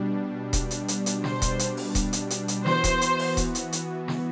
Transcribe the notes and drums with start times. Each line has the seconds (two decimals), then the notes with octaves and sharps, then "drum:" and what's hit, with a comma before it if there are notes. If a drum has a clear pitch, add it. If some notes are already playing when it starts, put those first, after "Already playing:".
Already playing: B2 G3 D4
0.53 drum: kick D#1, hi-hat
0.71 drum: hi-hat
0.88 drum: hi-hat
1.06 drum: hi-hat
1.24 C5, drum: snare
1.42 drum: kick D#1, hi-hat
1.59 drum: hi-hat
1.77 drum: open hi-hat
1.95 drum: kick D#1, hi-hat
2.13 drum: hi-hat
2.30 drum: hi-hat
2.48 drum: hi-hat
2.66 E3 B3 F#4 C5, drum: snare
2.84 drum: kick D#1, hi-hat
3.01 drum: hi-hat
3.19 drum: open hi-hat
3.37 drum: kick D#1, hi-hat
3.55 drum: hi-hat
3.72 drum: hi-hat
4.08 drum: snare